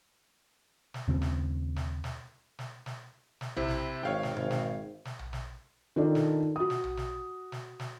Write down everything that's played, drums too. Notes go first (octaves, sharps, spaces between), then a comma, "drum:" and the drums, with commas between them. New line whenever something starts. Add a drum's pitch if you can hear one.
drum: snare
D#2 C#3 G#3 C4
drum: snare
drum: snare
drum: snare
drum: snare
drum: snare
drum: snare
C3 C4 E4, drum: tom A#1
drum: snare
G#1 C#5 F5 G5
drum: snare
G#1, drum: tom B2
drum: snare
drum: snare
drum: tom A#1
drum: snare
D#3 D4 F4 A4 A#4 D5
drum: snare
F#4 D#6
drum: snare
drum: tom A#1
drum: snare
drum: snare
drum: snare